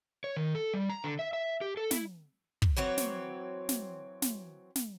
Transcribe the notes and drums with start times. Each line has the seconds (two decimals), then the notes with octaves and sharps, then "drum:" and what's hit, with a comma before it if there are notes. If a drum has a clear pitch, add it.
0.24 C#5
0.36 D#3
0.55 A4
0.74 G3
0.89 A#5
1.04 D3
1.19 E5
1.33 E5
1.61 G4
1.77 A4
1.91 E4, drum: snare
2.62 drum: kick
2.77 E3 F#3 C4 C#5
2.98 drum: snare
3.69 drum: snare
4.22 drum: snare
4.75 drum: snare